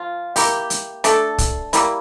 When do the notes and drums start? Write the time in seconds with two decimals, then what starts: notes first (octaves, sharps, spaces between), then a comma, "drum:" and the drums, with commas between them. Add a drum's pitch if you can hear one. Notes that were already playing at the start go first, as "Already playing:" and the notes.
Already playing: F3 F4
0.36 A#3 E4 G4, drum: open hi-hat
0.70 drum: hi-hat
1.04 A3 D4 A4, drum: hi-hat
1.38 drum: kick, hi-hat
1.73 G3 A#3 E4, drum: hi-hat